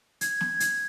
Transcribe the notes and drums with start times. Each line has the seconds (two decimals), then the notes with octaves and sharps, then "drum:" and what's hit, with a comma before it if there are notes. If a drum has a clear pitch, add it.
0.21 G#6, drum: hi-hat
0.41 drum: snare
0.60 drum: hi-hat